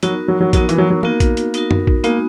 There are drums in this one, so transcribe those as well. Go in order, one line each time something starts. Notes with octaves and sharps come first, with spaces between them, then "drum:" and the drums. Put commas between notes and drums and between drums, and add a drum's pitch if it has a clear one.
F#3 B3 D#4 F#4 A#4, drum: hi-hat
F#3
F#3
F#3 B3 D#4 F#4 A#4, drum: kick A#1, hi-hat
E3, drum: hi-hat
F#3
F#3
A#3 B3 D#4 F#4 A#4, drum: tom
drum: kick A#1, hi-hat
drum: hi-hat
B3 D#4 F#4 A#4, drum: hi-hat
drum: tom F#2
drum: kick A#1
G#3 A#3 B3 D#4 F#4, drum: hi-hat